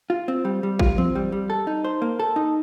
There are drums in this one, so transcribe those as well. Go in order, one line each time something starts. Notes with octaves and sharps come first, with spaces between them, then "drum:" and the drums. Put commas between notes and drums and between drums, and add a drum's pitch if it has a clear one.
F4
C4
G3
G3
F4, drum: kick
C4, drum: tom E3
G3
G3
A4
D#4
C5
A#3
A4
D#4